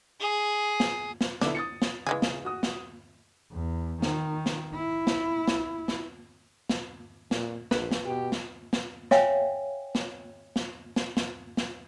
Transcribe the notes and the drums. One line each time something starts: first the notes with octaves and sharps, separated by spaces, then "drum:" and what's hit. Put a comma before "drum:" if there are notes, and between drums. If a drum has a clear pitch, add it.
G#4
drum: snare
drum: snare
D3 B3 D4 E4, drum: snare
D#6 A6 C#7
drum: snare
C#3 E3 G#3 G#4
drum: snare
F#4 D#6
drum: snare
E2
D#3, drum: snare
drum: snare
E4
drum: snare
drum: snare
drum: snare
drum: snare
A#2, drum: snare
A#1 B4, drum: snare
drum: snare
B2 G4
drum: snare
drum: snare
C#5 E5 F5 G5 G#5, drum: snare
drum: snare
drum: snare
drum: snare
drum: snare
drum: snare